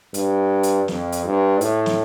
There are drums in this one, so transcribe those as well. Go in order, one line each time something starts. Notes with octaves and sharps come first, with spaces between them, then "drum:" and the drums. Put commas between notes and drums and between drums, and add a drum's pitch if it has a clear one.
G2, drum: hi-hat
drum: hi-hat
F2, drum: snare
drum: hi-hat
G2
A2, drum: hi-hat
drum: snare